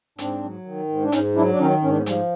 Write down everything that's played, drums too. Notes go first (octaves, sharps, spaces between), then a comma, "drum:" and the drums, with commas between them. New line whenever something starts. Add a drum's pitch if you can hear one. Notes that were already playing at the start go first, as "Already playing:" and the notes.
G#2 C4 D4, drum: hi-hat
F#3
D#3
G#2
D4
G#2 C#4 D#4, drum: hi-hat
F#3 D4 E4
D4
D#3 C#4 D#4
G#2 C#4
D4
B3 C#4
F3 G3, drum: hi-hat